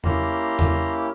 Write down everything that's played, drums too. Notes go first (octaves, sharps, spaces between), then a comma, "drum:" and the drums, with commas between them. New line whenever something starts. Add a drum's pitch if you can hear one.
A#3 C#4 E4 G4 A#5 C6, drum: tom E2
drum: tom E2